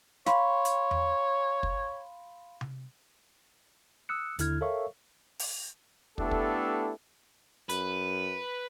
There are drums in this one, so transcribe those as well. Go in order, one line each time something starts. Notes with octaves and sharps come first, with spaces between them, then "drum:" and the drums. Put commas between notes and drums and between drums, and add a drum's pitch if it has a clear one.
C#5 F5 B5 C6, drum: snare
drum: hi-hat
drum: tom E2
drum: kick
drum: tom C3
D#6 E6 F#6 C#7
D#2 D3 E4 F6 G#6, drum: hi-hat
A4 A#4 C#5 E5 F5 C#6
drum: open hi-hat
A3 B3 D4 E4 G4 A4, drum: kick
drum: kick
F#2 B4, drum: hi-hat